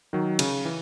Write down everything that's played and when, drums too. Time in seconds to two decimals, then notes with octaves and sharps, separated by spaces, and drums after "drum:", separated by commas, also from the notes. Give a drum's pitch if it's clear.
0.13 D#3 F#3
0.39 C#3, drum: cymbal
0.65 E3